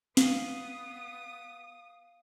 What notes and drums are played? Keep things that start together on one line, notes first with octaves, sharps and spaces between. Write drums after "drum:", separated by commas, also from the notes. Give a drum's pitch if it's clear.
B3 F5 D#6 C7, drum: snare